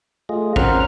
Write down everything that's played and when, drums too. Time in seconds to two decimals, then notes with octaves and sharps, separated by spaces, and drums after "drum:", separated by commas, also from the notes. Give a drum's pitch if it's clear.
0.29 A3 F4 G#4 D#5
0.56 C4 C#4 A#4 C5 F#5 F6, drum: kick